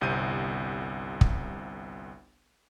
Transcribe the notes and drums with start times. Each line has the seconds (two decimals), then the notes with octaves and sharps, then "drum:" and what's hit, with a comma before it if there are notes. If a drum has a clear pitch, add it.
0.01 G1 C2 C3 G6 D#7
1.21 drum: kick